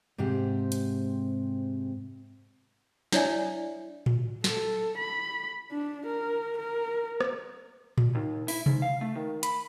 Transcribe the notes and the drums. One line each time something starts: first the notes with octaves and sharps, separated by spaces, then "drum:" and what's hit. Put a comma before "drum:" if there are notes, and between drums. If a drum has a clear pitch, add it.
G#2 C3 C4 G4
drum: hi-hat
D4 E4 C#5 D5 E5 G#5, drum: snare
drum: tom A2
A4, drum: snare
B5
D4
A#4
A#4
drum: rim click
drum: tom A2
D#2
E4, drum: open hi-hat
G#2, drum: tom C3
F5
A3
D#3
B5, drum: hi-hat